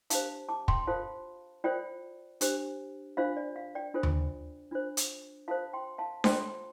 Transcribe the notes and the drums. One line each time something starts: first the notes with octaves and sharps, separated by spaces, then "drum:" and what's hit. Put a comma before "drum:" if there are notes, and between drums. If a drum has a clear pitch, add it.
D4 G4 C5 F5 A5, drum: hi-hat
A5 D6
G5 C6, drum: kick
F4 A4 C5 F5 A5
F4 A4 C5 D5 G5
D4 G4 C5, drum: hi-hat
D4 F4 C5 F5
D5
F5
D5 G5
D4 F4 A4 C5
drum: tom D#2
D4 F4 C5
drum: hi-hat
F4 A4 C5 F5 A5
G5 C6
F5 A5
F4 C5 G5 C6, drum: snare D4